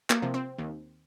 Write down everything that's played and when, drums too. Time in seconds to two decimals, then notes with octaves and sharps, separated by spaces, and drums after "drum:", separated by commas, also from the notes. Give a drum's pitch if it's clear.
0.10 A#3, drum: clap
0.22 C3 F3
0.34 C4
0.58 D#2